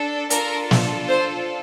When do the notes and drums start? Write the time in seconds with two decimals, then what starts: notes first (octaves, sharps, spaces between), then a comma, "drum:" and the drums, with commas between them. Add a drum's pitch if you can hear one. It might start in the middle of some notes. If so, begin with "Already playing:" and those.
Already playing: D4 A4
0.30 D4 F4 A4 A#4, drum: hi-hat
0.71 drum: snare
1.09 C5